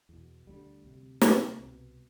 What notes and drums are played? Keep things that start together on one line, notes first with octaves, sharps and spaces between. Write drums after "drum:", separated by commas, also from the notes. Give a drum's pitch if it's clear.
E2 B2
D2 D3 G3
D2 C3
D2 C3 C4, drum: snare
C2 B2